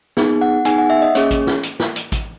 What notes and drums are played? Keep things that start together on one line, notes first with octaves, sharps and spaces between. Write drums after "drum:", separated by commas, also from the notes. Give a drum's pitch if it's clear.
B3 D#4 G#4, drum: snare
F#5
B3 D#4 G#4 G#5, drum: hi-hat
F#5
E5
D#5
A#3 C#4 G#4 C#5, drum: hi-hat
drum: kick, hi-hat
drum: snare
drum: hi-hat
drum: snare
drum: hi-hat
drum: kick, hi-hat